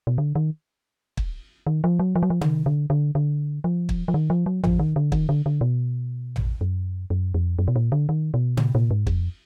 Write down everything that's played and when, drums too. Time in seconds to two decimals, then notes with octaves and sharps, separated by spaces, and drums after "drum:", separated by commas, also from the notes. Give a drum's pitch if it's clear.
0.07 B2
0.18 D3
0.35 D#3
1.17 drum: kick
1.67 D#3
1.84 F3
1.99 F#3
2.16 F3
2.23 F#3
2.30 F3
2.41 D#3, drum: tom
2.66 D3
2.90 D3
3.15 D3
3.64 F3
3.89 drum: kick
4.08 F3
4.14 D#3
4.30 F3
4.46 F#3
4.64 F3, drum: tom A1
4.79 D#3
4.96 D3
5.12 D#3, drum: kick
5.29 D3
5.46 D3
5.61 B2
6.36 drum: tom A1
6.61 F#2
7.10 F#2
7.34 F2
7.59 F#2
7.68 B2
7.76 A#2
7.92 D3
8.09 D#3
8.34 B2
8.57 A#2, drum: tom
8.75 A#2
8.91 G#2
9.07 F2, drum: kick